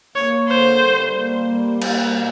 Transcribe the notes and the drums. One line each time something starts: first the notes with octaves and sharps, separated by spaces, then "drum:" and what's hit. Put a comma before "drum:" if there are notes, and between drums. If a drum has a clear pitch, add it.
A#3 C#5
D3 C5
G3
A#3
G3
A#3, drum: cymbal
B2